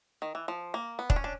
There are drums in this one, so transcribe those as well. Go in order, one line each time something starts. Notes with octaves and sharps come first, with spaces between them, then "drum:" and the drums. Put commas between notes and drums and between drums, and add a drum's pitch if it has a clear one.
D#3
E3
F3
A#3
B3
D4, drum: kick
C#4
D4